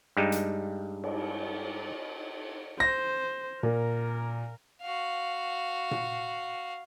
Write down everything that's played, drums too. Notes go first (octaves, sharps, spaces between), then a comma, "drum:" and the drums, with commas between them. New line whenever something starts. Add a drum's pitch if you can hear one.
G2 G3 G#3 D#4
drum: hi-hat
drum: cymbal
C5 A#6
A#2 A#4
F#4 F5
drum: tom A#2